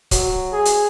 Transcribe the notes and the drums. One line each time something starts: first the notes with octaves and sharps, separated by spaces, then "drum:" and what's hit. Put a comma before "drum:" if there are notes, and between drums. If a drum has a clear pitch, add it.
F#3, drum: kick, hi-hat
G#4
drum: hi-hat